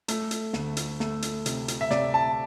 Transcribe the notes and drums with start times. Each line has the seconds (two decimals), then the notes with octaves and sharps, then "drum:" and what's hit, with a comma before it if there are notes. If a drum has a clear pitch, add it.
0.08 A3, drum: hi-hat
0.31 drum: hi-hat
0.53 D2, drum: snare
0.77 drum: hi-hat
1.00 A3, drum: snare
1.22 drum: hi-hat
1.46 C3, drum: hi-hat
1.68 drum: hi-hat
1.81 E5
1.91 C3 D5, drum: snare
2.14 A5